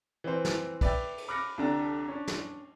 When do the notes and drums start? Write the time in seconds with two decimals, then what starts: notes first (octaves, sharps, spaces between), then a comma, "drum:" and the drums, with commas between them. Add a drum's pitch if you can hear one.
0.24 E3 C4 C5
0.45 drum: snare
0.81 B4 D5 E5 G5, drum: kick, cymbal
1.18 drum: cymbal
1.28 B5 D6 F6 F#6 A#6 C#7
1.58 C2 F2 D3 D4 G4 A#5
2.08 C#4 D4
2.28 drum: snare